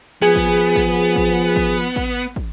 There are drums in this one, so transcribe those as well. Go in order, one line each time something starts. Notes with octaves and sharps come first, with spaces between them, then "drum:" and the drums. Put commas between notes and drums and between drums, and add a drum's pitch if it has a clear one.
F3 B3 G#4 G#5
drum: kick
drum: kick
drum: kick
drum: kick
drum: kick
drum: kick